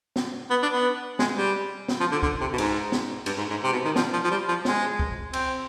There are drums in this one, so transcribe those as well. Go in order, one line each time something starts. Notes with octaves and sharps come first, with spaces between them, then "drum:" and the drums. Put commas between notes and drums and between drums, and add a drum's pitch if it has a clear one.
drum: snare
B3
D4
B3
G#3, drum: snare
G3
drum: snare
F3
D3
D3, drum: kick
C3
B2
G#2, drum: cymbal
drum: snare
G2, drum: cymbal
G#2
G#2
C3
B2
D#3
F3, drum: snare
F3
F3
G3
F3
G#3, drum: snare
drum: kick
C4, drum: cymbal